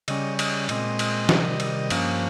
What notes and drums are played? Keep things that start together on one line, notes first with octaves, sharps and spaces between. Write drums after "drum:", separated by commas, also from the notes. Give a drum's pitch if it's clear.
C#3 G3 C#4 D#5, drum: cymbal
D#5, drum: cymbal
A#2 G#3 C4 D#5, drum: cymbal
drum: cymbal
C3 D#3 G3, drum: snare
drum: cymbal
G2 F3 A#3 C#4, drum: cymbal